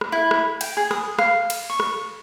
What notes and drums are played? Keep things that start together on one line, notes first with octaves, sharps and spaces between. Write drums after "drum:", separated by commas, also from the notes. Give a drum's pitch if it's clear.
drum: rim click
E4
drum: rim click
G5, drum: cymbal
G#4
D#6, drum: rim click
F5, drum: rim click
drum: cymbal
C#6
drum: rim click